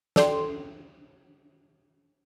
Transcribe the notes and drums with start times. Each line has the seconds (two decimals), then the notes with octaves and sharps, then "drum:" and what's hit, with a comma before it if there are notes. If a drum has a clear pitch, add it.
0.16 A4 D5 G5 C6, drum: snare